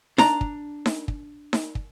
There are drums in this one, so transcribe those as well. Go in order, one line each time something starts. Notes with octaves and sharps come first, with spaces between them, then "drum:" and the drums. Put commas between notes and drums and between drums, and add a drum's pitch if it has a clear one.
D4 A#5, drum: snare D#4
drum: kick
drum: snare D#4
drum: kick
drum: snare D#4
drum: kick